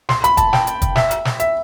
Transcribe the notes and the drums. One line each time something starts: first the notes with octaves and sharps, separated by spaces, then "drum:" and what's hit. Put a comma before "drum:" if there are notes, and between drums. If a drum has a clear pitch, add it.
C6, drum: snare
B5, drum: hi-hat
A5, drum: kick, hi-hat
G5, drum: snare
drum: hi-hat
drum: kick, hi-hat
E5, drum: snare
drum: hi-hat
drum: snare
E5, drum: hi-hat